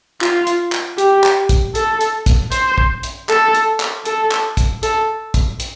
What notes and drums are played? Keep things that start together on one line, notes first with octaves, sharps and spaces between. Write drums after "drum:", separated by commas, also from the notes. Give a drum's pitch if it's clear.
F4, drum: clap
drum: hi-hat
drum: clap
G4, drum: hi-hat
drum: clap
drum: kick, hi-hat
A4, drum: hi-hat
drum: hi-hat
drum: kick, hi-hat
C5, drum: hi-hat
drum: kick
drum: hi-hat
A4, drum: clap
drum: hi-hat
drum: clap
A4, drum: hi-hat
drum: clap
drum: kick, hi-hat
A4, drum: hi-hat
drum: kick, hi-hat
drum: hi-hat